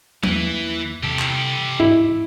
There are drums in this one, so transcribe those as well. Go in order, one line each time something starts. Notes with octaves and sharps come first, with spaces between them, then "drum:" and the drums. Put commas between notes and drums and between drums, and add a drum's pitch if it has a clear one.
E2 E3 A#3 B3, drum: tom F3
C3 E3 G4 A4
drum: clap
G#2 E3 E4